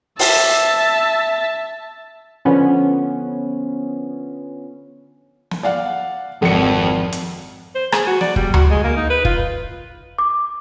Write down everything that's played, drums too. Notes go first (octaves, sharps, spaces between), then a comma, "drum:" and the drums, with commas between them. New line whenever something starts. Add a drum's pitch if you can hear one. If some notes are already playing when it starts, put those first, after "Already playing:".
E5 A5, drum: open hi-hat
D3 F3 B3 C#4
drum: snare
D5 F5 F#5
G#1 F2 C#7
drum: hi-hat
C5
G#4, drum: rim click
F#4
D5, drum: snare
G3, drum: kick
F#4, drum: tom D2
G#3
A#3
D#4
B4
F4, drum: kick
D6